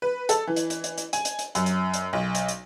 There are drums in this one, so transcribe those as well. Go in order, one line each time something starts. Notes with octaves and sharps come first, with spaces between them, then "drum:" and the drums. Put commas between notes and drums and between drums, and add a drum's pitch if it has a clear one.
B4
A4, drum: hi-hat
E3
drum: hi-hat
drum: hi-hat
drum: hi-hat
drum: hi-hat
G#5, drum: hi-hat
drum: hi-hat
drum: hi-hat
F#2, drum: hi-hat
drum: hi-hat
drum: hi-hat
B1
drum: hi-hat
drum: hi-hat